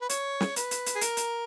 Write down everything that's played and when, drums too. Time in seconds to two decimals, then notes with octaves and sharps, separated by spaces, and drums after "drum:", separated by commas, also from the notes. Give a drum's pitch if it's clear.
0.01 B4
0.09 C#5, drum: hi-hat
0.41 drum: snare
0.56 B4, drum: hi-hat
0.71 drum: hi-hat
0.86 drum: hi-hat
0.96 G#4
1.01 A#4, drum: hi-hat
1.17 drum: hi-hat